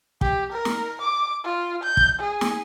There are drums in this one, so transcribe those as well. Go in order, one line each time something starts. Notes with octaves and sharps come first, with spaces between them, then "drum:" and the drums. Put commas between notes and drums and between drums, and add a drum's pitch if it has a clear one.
G4, drum: kick
A#4
drum: snare
D6
F4
G6
drum: kick
G#4
drum: snare